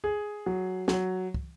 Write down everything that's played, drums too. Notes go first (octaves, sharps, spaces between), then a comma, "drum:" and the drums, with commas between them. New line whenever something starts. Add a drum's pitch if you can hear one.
G#4
F#3
F#3, drum: snare
drum: kick